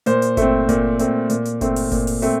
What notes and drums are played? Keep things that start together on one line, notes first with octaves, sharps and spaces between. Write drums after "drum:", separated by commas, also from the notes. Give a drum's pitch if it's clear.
A#2 C5, drum: hi-hat
drum: hi-hat
A3 C4, drum: kick G1, hi-hat
A#2, drum: kick G1, hi-hat
A3 C4, drum: hi-hat
A#2, drum: hi-hat
drum: hi-hat
A3 C4, drum: kick G1, hi-hat
drum: open hi-hat
A#2, drum: kick G1, hi-hat
drum: open hi-hat
A3 C4, drum: hi-hat